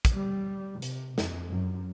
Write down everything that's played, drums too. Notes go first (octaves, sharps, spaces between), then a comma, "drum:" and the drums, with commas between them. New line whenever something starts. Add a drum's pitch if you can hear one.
drum: kick, hi-hat
G3
C3, drum: hi-hat
F2, drum: snare
F#2